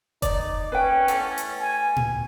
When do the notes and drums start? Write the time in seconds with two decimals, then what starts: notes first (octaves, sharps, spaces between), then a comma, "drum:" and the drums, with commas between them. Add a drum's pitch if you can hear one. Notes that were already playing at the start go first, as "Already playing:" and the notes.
0.22 D#4 D5, drum: kick F1, hi-hat
0.72 C#4 B4 G5
1.08 E3 A3 B3, drum: hi-hat
1.38 drum: hi-hat
1.60 G#5
1.96 drum: tom A2